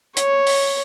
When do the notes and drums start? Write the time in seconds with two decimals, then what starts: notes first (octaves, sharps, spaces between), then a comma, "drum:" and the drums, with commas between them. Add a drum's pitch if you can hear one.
0.17 C#5, drum: hi-hat
0.47 drum: open hi-hat